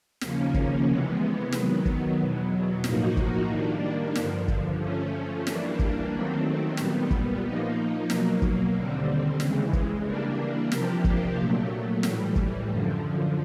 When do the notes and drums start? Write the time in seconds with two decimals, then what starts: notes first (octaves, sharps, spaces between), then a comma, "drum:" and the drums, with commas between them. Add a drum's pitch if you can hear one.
0.21 D#2 C#3 F3 A#3 C#4, drum: snare
0.54 drum: kick
0.87 C3 E3 G#3 B3
1.52 D#3 F#3 B3, drum: snare
1.86 drum: kick
2.18 E2 B2 F#3
2.84 A2 F3 A#3 D#4 F#4, drum: snare
3.17 drum: kick
3.49 D#3 G3 A#3 D4
4.15 G2 D3 F3, drum: snare
4.48 drum: kick
4.81 F3 A3 C#4
5.47 E3 G3 A#3 D4, drum: snare
5.79 drum: kick
6.13 D#3 F#3 A3 C4
6.77 A#2 G3 B3, drum: snare
7.11 drum: kick
7.43 F3 A#3 D#4
8.10 B2 F#3 A#3, drum: snare
8.42 drum: kick
8.74 D#2 D3 G3 C4
9.40 C#3 E3 G#3, drum: snare
9.73 drum: kick
10.06 E3 G3 A#3 D4
10.72 C3 F3 A#3 D4 G4, drum: snare
11.04 drum: kick
11.37 A#2 F#3 A3
12.03 A2 E3 G3, drum: snare
12.36 drum: kick
12.69 F#2 D3 F3